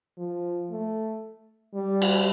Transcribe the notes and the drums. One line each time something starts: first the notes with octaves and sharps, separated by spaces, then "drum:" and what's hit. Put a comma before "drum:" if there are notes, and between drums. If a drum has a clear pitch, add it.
F3
A3
G3
drum: cymbal